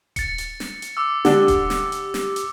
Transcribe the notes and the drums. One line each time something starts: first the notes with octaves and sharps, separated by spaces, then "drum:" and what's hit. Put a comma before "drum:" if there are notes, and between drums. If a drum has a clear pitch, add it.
A6 C#7, drum: kick D#1, hi-hat
drum: hi-hat
drum: snare
drum: hi-hat
D6 E6
D3 D4 G4, drum: snare
drum: kick D#1, hi-hat
drum: snare
drum: hi-hat
drum: snare
drum: hi-hat